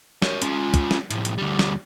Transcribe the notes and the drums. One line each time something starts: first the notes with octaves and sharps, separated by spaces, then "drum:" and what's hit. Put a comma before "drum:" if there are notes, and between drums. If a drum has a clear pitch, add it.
A#4 C#5, drum: snare
C#4 F4, drum: hi-hat
drum: kick, hi-hat
drum: snare
A2 F3, drum: hi-hat
drum: hi-hat
D2 G3
drum: snare